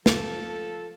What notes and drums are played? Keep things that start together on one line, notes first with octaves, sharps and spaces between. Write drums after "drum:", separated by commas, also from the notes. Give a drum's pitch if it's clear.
F3 A4, drum: snare